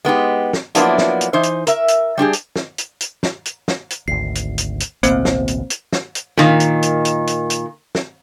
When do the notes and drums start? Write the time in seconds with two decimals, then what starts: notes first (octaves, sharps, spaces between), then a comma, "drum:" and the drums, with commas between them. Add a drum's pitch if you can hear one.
0.05 G#3 B3 D#4 G4
0.53 drum: snare
0.75 F3 F#3 A#3 B3 D4 E4, drum: hi-hat
0.98 drum: snare
1.21 drum: hi-hat
1.33 E3 D#4 C5
1.43 drum: hi-hat
1.67 A#4 E5, drum: hi-hat
1.88 drum: hi-hat
2.18 G3 D4 G4 G#4
2.33 drum: hi-hat
2.56 drum: snare
2.78 drum: hi-hat
3.00 drum: hi-hat
3.23 drum: snare
3.45 drum: hi-hat
3.68 drum: snare
3.90 drum: hi-hat
4.08 G#1 D2 C7
4.35 drum: hi-hat
4.58 drum: hi-hat
4.80 drum: hi-hat
5.03 A1 D2 B2 A#3 C4 C5, drum: hi-hat
5.25 drum: snare
5.48 drum: hi-hat
5.70 drum: hi-hat
5.93 drum: snare
6.15 drum: hi-hat
6.37 A#2 D#3, drum: snare
6.60 drum: hi-hat
6.82 drum: hi-hat
7.05 drum: hi-hat
7.27 drum: hi-hat
7.50 drum: hi-hat
7.95 drum: snare